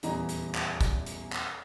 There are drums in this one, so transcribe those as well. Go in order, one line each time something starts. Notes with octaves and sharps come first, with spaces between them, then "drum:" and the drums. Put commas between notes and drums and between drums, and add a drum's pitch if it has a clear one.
D#1 E2 E3 D#5 A#5, drum: hi-hat
drum: hi-hat
drum: clap
drum: kick, hi-hat
drum: hi-hat
drum: clap